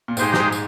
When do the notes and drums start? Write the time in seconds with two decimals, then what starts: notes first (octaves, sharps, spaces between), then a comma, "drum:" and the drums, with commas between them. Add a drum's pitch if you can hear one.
0.08 A#2
0.17 G#2 G#3 D#4 G4 C5, drum: tambourine
0.34 G#2, drum: snare
0.52 drum: tambourine